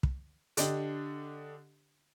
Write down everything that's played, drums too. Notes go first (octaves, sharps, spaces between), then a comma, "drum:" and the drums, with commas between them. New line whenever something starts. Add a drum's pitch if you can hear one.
drum: kick
D3 D4 G4 D#5, drum: hi-hat